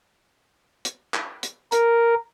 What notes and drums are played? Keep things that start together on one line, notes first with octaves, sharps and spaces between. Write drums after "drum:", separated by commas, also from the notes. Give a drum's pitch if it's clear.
drum: hi-hat
drum: clap
drum: hi-hat
A#4, drum: hi-hat